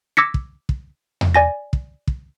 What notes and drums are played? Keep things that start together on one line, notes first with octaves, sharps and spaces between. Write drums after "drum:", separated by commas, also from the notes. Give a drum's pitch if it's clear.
D6 E6 G#6 A#6 B6 C#7
drum: kick
drum: kick
drum: tom E2
D5 G#5 A#6
drum: kick
drum: kick